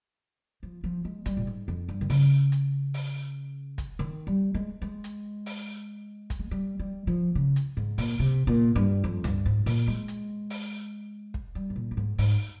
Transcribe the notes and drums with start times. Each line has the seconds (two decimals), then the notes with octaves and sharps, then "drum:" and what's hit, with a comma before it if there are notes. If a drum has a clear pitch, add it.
0.63 F3
0.84 F3
1.05 G#3
1.26 G3, drum: kick, hi-hat
1.37 A#2
1.47 G#2
1.68 F2
1.88 G2
2.01 D#3
2.10 C#3, drum: open hi-hat
2.52 drum: hi-hat
2.94 drum: open hi-hat
3.78 drum: kick, hi-hat
3.99 D#3
4.27 G3
4.54 G#3
4.82 G#3
5.04 drum: hi-hat
5.46 drum: open hi-hat
6.30 drum: kick, hi-hat
6.39 G#3
6.51 G3
6.79 G3
7.07 F3
7.35 C#3
7.56 drum: hi-hat
7.77 G#2
7.98 A#2, drum: open hi-hat
8.20 C3
8.47 A#2
8.75 G2
9.04 F2
9.24 G2, drum: tom C#2
9.46 G#2
9.66 A#2, drum: open hi-hat
9.87 G#3
10.08 drum: hi-hat
10.50 drum: open hi-hat
11.34 drum: kick
11.55 G3
11.70 G#2
11.76 A#2
11.91 G2
11.97 G#2
12.18 G#2, drum: open hi-hat